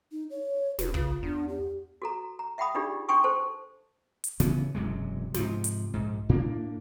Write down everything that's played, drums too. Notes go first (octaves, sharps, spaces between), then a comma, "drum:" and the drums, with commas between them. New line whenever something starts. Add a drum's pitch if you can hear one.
D#4
C#5
F1 B4, drum: snare
C#3 F4, drum: kick
E2 D4
G4
F#4 A4 A#5
A#5
E5 F#5 G5 B5 D#6
D4 D#4 F4 G4 G#4 D5
D4 G5 G#5 C6 C#6 D#6
A4 C5 A5
drum: hi-hat
D1 C#3 E3 B3, drum: snare
E1 F#2 C3 G#3
G#2 C3 F3, drum: snare
drum: hi-hat
A#1 G#2
A2 A#3 D4